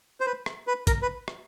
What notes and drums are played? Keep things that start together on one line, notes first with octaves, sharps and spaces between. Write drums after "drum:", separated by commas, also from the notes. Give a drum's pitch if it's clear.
C5
B4
drum: rim click
B4
A#4, drum: kick, hi-hat
B4
drum: rim click